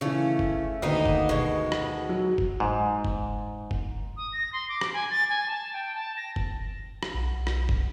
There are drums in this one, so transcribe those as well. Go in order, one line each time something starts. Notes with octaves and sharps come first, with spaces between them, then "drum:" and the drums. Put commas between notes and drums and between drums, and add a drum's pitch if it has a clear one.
C#3 E3 A3 C#4
drum: kick
D2 D3 D#3 A#3 B3 D#4
drum: kick
B2 G#3
drum: rim click
F#3
drum: kick
G#2
drum: kick
drum: kick
D#6
A#6
C6
D6
drum: rim click
G#5
A6
G#5
A5
G5
A5
A#6
drum: kick
drum: rim click
B1
drum: rim click
drum: kick